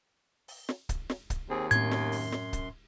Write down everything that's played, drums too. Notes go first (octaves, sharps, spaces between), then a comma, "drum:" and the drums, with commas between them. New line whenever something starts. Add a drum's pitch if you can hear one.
drum: open hi-hat
drum: snare
drum: kick C#1, hi-hat
drum: snare
drum: kick C#1, hi-hat
D#2 C4 G#4
F#2 A2 A3 C4 C6 G#6, drum: hi-hat
drum: snare
drum: open hi-hat
drum: snare
drum: kick C#1, hi-hat